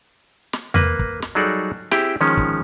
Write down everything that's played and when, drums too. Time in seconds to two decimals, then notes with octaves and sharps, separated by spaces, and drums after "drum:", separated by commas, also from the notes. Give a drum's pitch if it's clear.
0.53 drum: snare
0.74 A#3 B4, drum: tom E2
0.99 drum: kick
1.22 drum: snare
1.35 F#3 G3 D#4 G#4 A4 D5
1.91 C4 E4 G4 G#4 G5, drum: snare
2.21 D#3 F3 G#3 C#4
2.37 drum: kick